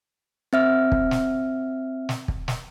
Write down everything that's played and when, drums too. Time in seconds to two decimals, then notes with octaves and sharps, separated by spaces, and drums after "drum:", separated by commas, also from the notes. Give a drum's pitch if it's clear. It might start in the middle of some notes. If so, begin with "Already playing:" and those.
0.53 C4 E5 F6
0.92 drum: kick
1.11 drum: snare
2.09 drum: snare
2.28 drum: kick
2.48 drum: snare